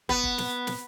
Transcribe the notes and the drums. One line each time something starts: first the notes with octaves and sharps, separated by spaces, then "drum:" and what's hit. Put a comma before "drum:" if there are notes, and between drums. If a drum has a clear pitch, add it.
B3, drum: kick
drum: kick
drum: snare
drum: snare